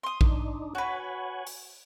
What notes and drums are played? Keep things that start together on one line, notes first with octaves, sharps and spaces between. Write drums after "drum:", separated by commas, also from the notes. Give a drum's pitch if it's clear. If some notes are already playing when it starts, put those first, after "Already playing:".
C6 D#6
D4 D#4, drum: kick A#1
F#4 B4 C#5 F#5 G#5
drum: open hi-hat